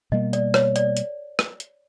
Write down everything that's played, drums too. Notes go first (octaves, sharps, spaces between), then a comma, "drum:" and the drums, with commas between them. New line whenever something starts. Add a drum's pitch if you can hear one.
B2 G3 A#3 D#5
D5, drum: hi-hat
C#5, drum: rim click
D5, drum: hi-hat
drum: hi-hat
drum: rim click
drum: hi-hat